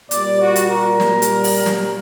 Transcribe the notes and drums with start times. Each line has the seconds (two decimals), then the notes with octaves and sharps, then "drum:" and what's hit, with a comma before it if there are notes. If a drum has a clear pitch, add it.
0.11 A#2 G3 D5, drum: hi-hat
0.41 F#4
0.56 drum: hi-hat
0.70 A#4
1.00 A#2 G3, drum: snare
1.22 drum: hi-hat
1.44 drum: open hi-hat
1.66 drum: snare